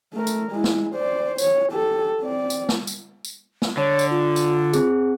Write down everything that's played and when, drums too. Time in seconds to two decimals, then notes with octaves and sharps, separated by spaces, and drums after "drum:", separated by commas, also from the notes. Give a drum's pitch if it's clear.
0.13 A3 A#4
0.27 drum: tambourine
0.52 G#3 E4
0.64 drum: snare
0.95 C5 D5
1.38 C#5, drum: tambourine
1.72 G4 A4
2.20 C4 D5
2.50 drum: tambourine
2.69 drum: snare
2.87 drum: tambourine
3.25 drum: tambourine
3.62 drum: snare
3.77 D3 C#5
3.99 drum: tambourine
4.10 F4
4.36 drum: tambourine
4.73 C4 G#4, drum: tambourine